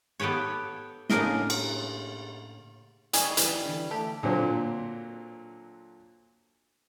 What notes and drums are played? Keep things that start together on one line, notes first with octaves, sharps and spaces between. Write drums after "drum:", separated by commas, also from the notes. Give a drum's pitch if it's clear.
B3 G4 A4 B4 C#5
A2 C#3 A#3 D4 A#4 D#5, drum: snare
drum: cymbal
G3 G#4 D#5 G#5 C#6, drum: hi-hat
E3 G3, drum: hi-hat
D3 E3
A3 G4 A4
A#2 D3 F#3 C4